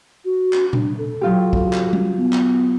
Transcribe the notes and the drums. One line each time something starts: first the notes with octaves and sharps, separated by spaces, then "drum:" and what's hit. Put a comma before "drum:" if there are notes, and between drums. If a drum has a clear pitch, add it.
F#4
drum: clap
D4, drum: tom A#2
A4
F#3 F4 G4
drum: kick
drum: clap
drum: tom G3
B3
drum: clap